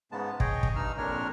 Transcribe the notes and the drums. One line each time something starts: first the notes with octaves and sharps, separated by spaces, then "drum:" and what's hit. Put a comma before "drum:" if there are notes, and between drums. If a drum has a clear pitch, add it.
G#2 C#3 G#3 B3 A5
G#4 C#5 D#5 G5, drum: kick
drum: kick
G2 D#4 E6 F6
F2 A#2 D4 A#4 C#5 F6